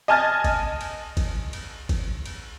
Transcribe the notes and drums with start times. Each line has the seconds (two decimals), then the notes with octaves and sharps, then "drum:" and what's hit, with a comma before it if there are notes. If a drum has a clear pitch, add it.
0.08 D#5 G#5 A5 F6 G#6 A6
0.44 drum: kick, cymbal
0.81 drum: cymbal
1.17 drum: kick, cymbal
1.53 drum: cymbal
1.89 drum: kick, cymbal
2.26 drum: cymbal